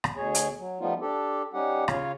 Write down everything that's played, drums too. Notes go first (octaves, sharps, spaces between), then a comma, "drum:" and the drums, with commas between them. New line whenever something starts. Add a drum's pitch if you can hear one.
drum: rim click
D2 B2 G#4 C#5
drum: hi-hat
F#3
F3 G3 A3 B3 D#4 F4
D4 G4 A4
G3 C#4 D#4 G4 F#5
C#3 F4 C#5 F5, drum: rim click